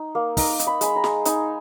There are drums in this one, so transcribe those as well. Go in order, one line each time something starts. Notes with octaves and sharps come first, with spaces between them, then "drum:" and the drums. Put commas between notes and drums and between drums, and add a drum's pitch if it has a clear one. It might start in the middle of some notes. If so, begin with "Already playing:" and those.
Already playing: D#4
A#3
D#4 A#5, drum: kick, open hi-hat
D#4, drum: hi-hat
B5
G#3 B5, drum: hi-hat
A#5
G#3, drum: snare
D#4 G#5, drum: hi-hat